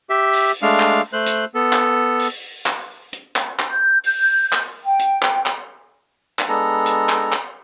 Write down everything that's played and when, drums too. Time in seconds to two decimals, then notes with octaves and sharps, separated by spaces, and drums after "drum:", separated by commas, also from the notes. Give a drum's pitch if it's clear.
0.10 G4 E5
0.33 drum: open hi-hat
0.62 G#3 A3 D4 F5
0.80 drum: clap
1.13 A3 C5 F#6
1.26 drum: hi-hat
1.54 B3 A4
1.73 drum: clap
2.20 drum: open hi-hat
2.66 drum: clap
3.13 drum: hi-hat
3.36 drum: clap
3.59 drum: clap
3.69 G6
4.04 G6, drum: open hi-hat
4.53 drum: clap
4.84 G5
4.99 drum: hi-hat
5.23 drum: clap
5.46 drum: clap
6.39 drum: clap
6.49 G#3 B3 D4 A4 A#5
6.86 drum: hi-hat
7.09 drum: clap
7.32 drum: clap